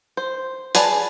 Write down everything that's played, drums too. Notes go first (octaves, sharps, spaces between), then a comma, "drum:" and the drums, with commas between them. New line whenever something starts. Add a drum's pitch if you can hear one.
C5
G#4 B4 D5 A5, drum: hi-hat